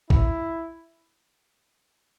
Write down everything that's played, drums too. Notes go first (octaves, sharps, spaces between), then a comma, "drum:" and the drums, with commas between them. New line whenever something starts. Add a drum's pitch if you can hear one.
E4, drum: kick